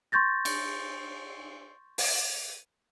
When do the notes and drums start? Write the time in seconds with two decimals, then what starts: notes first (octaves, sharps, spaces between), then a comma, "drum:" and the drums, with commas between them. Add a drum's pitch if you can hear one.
0.12 C6 C#6 G6 A6 A#6
0.45 drum: cymbal
1.98 drum: open hi-hat